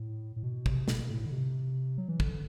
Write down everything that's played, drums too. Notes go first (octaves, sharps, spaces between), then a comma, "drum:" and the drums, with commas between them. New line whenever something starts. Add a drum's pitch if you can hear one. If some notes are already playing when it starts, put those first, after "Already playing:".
Already playing: A2
A2
B2
C3, drum: kick
B2, drum: snare
A2
D3
C3
F#3
E3
D3, drum: kick